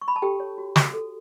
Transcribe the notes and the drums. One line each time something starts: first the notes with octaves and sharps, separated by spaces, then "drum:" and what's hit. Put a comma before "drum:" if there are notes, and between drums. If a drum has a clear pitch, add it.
C#6
B5
A5
G4 A4 G5
C#5
F#4
F#4, drum: snare
A4